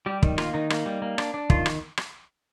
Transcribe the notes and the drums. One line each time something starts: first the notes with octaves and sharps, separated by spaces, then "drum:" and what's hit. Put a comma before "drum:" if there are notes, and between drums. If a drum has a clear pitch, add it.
G3 G4
D#3, drum: kick
A#3 F4, drum: rim click
D#3 D#4
A#3, drum: rim click
G3
A#3
D4, drum: rim click
D4
D#3 F4, drum: kick
drum: rim click
drum: rim click